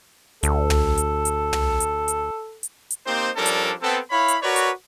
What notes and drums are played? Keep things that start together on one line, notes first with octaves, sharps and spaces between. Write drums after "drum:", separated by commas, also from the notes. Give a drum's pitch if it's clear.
D2 A4, drum: hi-hat
drum: tom
drum: hi-hat
drum: hi-hat
drum: tom
drum: hi-hat
drum: hi-hat
drum: hi-hat
drum: hi-hat
A#3 C4 D#4 G4 C5
F3 G3 C#4 D4 A4 A#4
drum: hi-hat
B3 C4 A4
E4 C#5 F5 B5
drum: hi-hat
F#4 A#4 B4 C#5 D5
drum: hi-hat